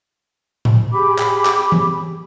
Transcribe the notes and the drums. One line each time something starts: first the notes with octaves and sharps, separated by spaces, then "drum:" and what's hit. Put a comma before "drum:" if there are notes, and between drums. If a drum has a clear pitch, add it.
drum: tom A2
G4 G#4 B5 D6
drum: clap
drum: clap
drum: tom E3